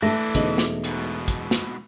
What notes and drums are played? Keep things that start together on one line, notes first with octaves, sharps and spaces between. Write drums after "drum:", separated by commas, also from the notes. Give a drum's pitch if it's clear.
E3 A3 D4 A4 A#6
E1 D#4 D#5, drum: kick, hi-hat
drum: snare
G#2 B2, drum: hi-hat
drum: kick, hi-hat
drum: snare